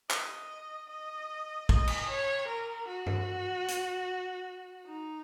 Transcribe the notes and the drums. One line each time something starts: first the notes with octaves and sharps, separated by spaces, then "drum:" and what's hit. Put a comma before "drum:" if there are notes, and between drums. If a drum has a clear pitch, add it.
D#5, drum: clap
D#5
D#5, drum: kick
drum: cymbal
C#5
A#4
F#4
drum: tom G2
drum: hi-hat
D#4